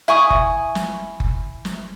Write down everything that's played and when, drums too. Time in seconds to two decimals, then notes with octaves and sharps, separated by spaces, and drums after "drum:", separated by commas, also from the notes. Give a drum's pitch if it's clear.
0.08 E4 G#5 C#6 D#6
0.30 drum: kick F#1
0.75 drum: snare
1.20 drum: kick F#1
1.65 drum: snare